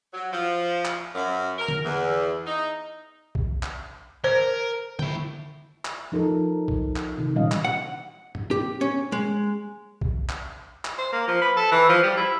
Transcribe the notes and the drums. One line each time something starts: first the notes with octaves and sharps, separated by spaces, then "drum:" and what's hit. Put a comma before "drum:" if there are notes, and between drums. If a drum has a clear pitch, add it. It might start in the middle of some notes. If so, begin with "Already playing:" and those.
F#3
F3
drum: clap
F#2
A#4
drum: tom D3
E2
D#4
drum: kick A#1
drum: clap
A#4 C5
E4 G5, drum: tom D3
drum: clap
F3 D#4 A4 A#4
drum: kick A#1
drum: clap
C3 D#3
A#2 E3 G3 C#4 D#5 F5
drum: clap
F#5
drum: tom G2
G4
C#4
G#3
drum: kick A#1
drum: clap
drum: clap
C5
A#3
F3
B4
A4
E3
F3
G3
E4